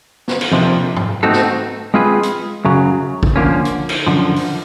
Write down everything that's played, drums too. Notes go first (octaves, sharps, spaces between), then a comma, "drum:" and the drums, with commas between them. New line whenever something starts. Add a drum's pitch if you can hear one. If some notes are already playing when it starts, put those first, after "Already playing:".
drum: snare
drum: cymbal
F2 C3 F3 A#3 D4
drum: tom G#2
A3 C4 D#4 F#4 A4
drum: snare
G#3 C4 F4 G#4 B4
drum: hi-hat
F#2 C#3 F#3
drum: kick
D3 F3 A#3 C#4
drum: hi-hat
drum: cymbal
F#2 D3 F3
drum: open hi-hat